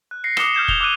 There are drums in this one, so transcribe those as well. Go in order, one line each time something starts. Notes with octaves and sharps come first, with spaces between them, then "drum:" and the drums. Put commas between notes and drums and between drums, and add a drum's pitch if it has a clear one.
F#6
A#6 C7 C#7
D6 D#6 C7 C#7 E7 G7, drum: rim click
F6 G6 G#6 E7
G6 F7 G7, drum: kick
D6 E6 F#6 D#7